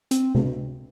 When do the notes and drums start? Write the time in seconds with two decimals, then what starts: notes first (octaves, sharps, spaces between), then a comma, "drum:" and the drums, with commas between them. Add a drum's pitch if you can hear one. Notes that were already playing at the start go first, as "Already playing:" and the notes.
0.11 C4, drum: hi-hat
0.35 drum: tom